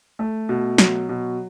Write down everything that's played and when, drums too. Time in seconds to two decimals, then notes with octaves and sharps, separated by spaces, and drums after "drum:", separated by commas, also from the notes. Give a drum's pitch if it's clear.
0.19 A3
0.49 B2
0.78 F#3, drum: snare
1.09 B2